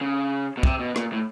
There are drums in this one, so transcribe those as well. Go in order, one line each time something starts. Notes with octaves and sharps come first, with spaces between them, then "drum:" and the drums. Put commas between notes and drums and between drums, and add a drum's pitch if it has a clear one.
C#3
B2
C3, drum: kick
B2
A#2, drum: rim click
A2